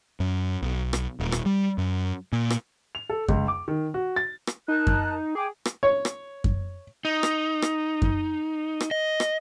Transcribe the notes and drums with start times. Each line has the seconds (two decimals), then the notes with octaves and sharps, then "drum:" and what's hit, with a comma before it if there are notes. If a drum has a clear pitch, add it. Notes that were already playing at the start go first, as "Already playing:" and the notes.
0.20 F#2
0.62 B1
0.93 drum: rim click
1.20 D#1
1.32 drum: rim click
1.46 G3
1.78 F#2
2.33 A#2
2.50 drum: rim click
2.95 F7
3.09 A4
3.28 C#2, drum: kick F#2
3.48 D6
3.68 D#3
3.94 F#4
4.16 A6
4.47 drum: rim click
4.68 D#4 A#4 A5 F#6
4.87 drum: kick F#2
5.35 G#4 G5 G#5 D6
5.65 drum: rim click
5.83 C#5
6.05 drum: rim click
6.44 drum: kick F#2
7.05 D#4
7.23 drum: rim click
7.62 drum: rim click
8.02 drum: kick F#2
8.80 drum: rim click
8.91 D#5
9.20 drum: rim click